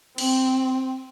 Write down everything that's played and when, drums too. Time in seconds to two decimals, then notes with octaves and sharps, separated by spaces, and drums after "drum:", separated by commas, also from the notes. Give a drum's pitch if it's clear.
0.18 C4, drum: cymbal